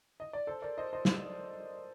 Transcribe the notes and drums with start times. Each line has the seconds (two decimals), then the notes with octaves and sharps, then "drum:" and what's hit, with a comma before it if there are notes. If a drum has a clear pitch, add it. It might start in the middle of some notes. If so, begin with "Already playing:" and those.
0.20 D#5
0.33 D5
0.47 A4 C5
0.62 A#4 D5
0.78 C5 D#5
0.93 C5 D#5
1.05 drum: snare